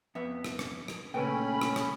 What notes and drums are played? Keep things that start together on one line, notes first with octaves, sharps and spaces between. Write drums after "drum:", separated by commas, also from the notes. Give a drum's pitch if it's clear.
F2 B3 E5
drum: rim click
drum: rim click
drum: rim click
A#2 C#3 A3 C#4 A4 B4 G5 B5
drum: rim click
drum: rim click